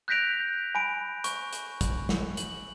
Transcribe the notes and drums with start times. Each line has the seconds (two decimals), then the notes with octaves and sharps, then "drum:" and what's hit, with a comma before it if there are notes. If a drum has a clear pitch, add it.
0.08 F#6 G6 A#6 B6 D7 F7
0.75 G#5 B5 D7
1.24 C#6, drum: hi-hat
1.53 drum: hi-hat
1.81 drum: kick, hi-hat
2.09 drum: snare
2.37 F#7, drum: hi-hat